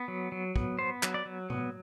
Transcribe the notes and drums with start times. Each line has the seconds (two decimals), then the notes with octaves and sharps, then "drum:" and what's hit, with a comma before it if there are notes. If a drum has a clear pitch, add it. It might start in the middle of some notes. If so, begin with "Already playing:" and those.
Already playing: B3
0.08 F#3
0.32 F#3
0.56 B3, drum: kick
0.79 B3 C5
1.03 F#3, drum: clap
1.14 D5
1.26 F#3
1.50 B3, drum: tom B2